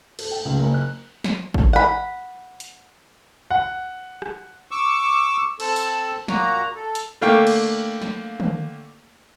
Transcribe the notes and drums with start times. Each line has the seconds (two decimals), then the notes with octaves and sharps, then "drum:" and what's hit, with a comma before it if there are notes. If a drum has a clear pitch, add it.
0.19 A4, drum: cymbal
0.31 G5
0.45 C#2
0.59 F#1
0.74 F#6
1.24 drum: snare
1.54 drum: kick G#1
1.73 F#5 B5
2.60 drum: hi-hat
3.51 F#5
4.22 drum: rim click
4.71 C#6 D6 E6
5.60 C4 A4 E6, drum: cymbal
5.76 drum: tambourine
6.28 A#2 A#3 F#4 A#5, drum: snare
6.76 A4
6.95 drum: hi-hat
7.21 D3 A3 A#3 F5 G5 C#6
7.47 drum: cymbal
8.02 drum: snare
8.40 drum: tom